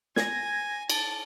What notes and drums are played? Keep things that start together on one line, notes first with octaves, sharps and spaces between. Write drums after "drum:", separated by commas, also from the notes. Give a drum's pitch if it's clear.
G#5 G#6 A#6, drum: snare
A5, drum: cymbal